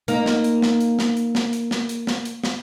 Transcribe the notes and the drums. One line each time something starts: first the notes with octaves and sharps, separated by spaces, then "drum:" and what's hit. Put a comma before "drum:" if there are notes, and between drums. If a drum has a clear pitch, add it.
A#3 D#4, drum: hi-hat
drum: snare
drum: hi-hat
drum: snare
drum: hi-hat
drum: snare
drum: hi-hat
drum: snare
drum: hi-hat
drum: snare
drum: hi-hat
drum: snare
drum: hi-hat
drum: snare